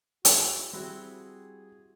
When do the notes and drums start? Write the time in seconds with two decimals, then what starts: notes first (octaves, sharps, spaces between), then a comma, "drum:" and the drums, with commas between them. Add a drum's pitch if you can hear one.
0.25 E4 F#4 G#4, drum: hi-hat
0.73 G3 C4 E4 F#4 G#4